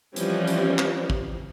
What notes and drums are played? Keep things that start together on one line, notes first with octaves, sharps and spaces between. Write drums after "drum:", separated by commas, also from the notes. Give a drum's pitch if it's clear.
E3 F3 G3 C4 C#4, drum: hi-hat
drum: hi-hat
drum: clap
drum: kick